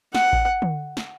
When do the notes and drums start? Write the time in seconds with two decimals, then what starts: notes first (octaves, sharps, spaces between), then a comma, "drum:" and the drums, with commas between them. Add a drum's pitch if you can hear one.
0.15 F#5, drum: snare
0.33 drum: kick A1
0.62 drum: tom
0.97 drum: snare